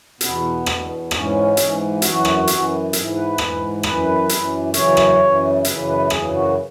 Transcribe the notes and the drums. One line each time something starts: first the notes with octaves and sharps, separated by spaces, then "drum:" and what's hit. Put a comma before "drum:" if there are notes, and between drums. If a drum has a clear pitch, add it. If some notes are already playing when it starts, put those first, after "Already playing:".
E2 B2 B3, drum: hi-hat
E2 B2, drum: rim click
G#2 E3 C#4, drum: rim click
G#2 E3, drum: hi-hat
F#2 E3 F#4, drum: hi-hat
drum: rim click
F#2 E3, drum: hi-hat
G#2 E3, drum: hi-hat
B4
G#2 E3, drum: rim click
F#2 E3 B4, drum: rim click
F#2 E3, drum: hi-hat
F#2 C#3 E3 C#5, drum: hi-hat
drum: rim click
F#2 C#3 E3
F#2 C#3 E3 B4, drum: hi-hat
B4
F#2 C#3 E3 G#4, drum: rim click
F#4